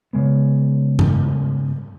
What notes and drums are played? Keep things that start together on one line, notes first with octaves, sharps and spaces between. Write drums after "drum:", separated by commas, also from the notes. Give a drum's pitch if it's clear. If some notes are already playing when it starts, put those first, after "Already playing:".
C#3 G#3 B3
drum: tom G2